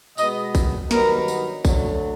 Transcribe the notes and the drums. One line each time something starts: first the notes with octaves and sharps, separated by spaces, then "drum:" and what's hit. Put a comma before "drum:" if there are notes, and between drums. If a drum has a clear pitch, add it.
B2 G#3 B3 D#5, drum: tambourine
drum: kick, tambourine
G2 D#3 F#3 B3 D#4 A#4, drum: snare
drum: tambourine
D3 F#3 A3, drum: kick, tambourine